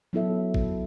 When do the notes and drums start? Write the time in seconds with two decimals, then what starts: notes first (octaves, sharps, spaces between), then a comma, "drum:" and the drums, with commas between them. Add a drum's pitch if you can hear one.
0.13 F#3 B3 E4 A4 E5
0.54 drum: kick A1